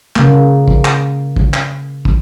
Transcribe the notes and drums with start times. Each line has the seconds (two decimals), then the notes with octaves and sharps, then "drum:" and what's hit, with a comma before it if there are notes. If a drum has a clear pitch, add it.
0.16 C#3 A#3, drum: clap
0.68 drum: kick
0.85 drum: clap
1.36 drum: kick
1.54 drum: clap
2.05 drum: kick